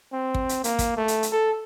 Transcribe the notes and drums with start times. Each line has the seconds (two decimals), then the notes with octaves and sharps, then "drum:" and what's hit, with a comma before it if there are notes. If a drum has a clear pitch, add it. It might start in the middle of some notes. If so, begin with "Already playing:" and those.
0.13 C4
0.34 drum: kick
0.49 drum: hi-hat
0.64 A#3, drum: hi-hat
0.79 drum: kick, hi-hat
0.97 A3
1.08 drum: hi-hat
1.23 drum: hi-hat
1.32 A4